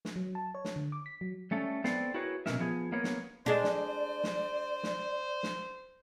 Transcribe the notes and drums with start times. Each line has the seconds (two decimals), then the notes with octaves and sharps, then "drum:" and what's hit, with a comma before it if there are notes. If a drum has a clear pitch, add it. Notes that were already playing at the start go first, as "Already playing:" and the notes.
0.05 drum: snare
0.16 F#3
0.35 A5
0.55 C#5
0.65 drum: snare
0.76 D3
0.92 D6
1.06 B6
1.21 F#3
1.51 G3 A3 C#4 A4
1.84 B3 C4 A4 C5 D5, drum: snare
2.14 E4 F#4 G#4 A#4 B4 C#5
2.46 B2 A#3 C#4 A#4 E5, drum: snare
2.59 F3 B3 G#4
2.92 A#3 B3 A#4 B4 C#5
3.04 drum: snare
3.46 G#3 D4 C5 D5
3.64 drum: snare
4.24 drum: snare
4.83 drum: snare
5.43 drum: snare